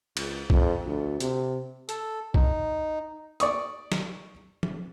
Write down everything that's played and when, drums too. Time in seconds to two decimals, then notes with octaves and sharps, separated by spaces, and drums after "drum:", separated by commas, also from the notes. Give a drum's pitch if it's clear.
0.17 C#2, drum: cymbal
0.50 F2, drum: kick B1
0.86 D2
1.20 C3, drum: hi-hat
1.89 A4, drum: hi-hat
2.34 D#4, drum: kick B1
3.40 D5 C#6 D#6, drum: hi-hat
3.92 drum: snare
4.63 drum: tom